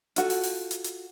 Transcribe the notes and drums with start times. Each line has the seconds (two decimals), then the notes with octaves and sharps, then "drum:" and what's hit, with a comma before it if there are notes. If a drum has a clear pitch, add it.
0.16 F4 F#4 A4, drum: hi-hat
0.30 drum: open hi-hat
0.43 drum: open hi-hat
0.71 drum: hi-hat
0.84 drum: hi-hat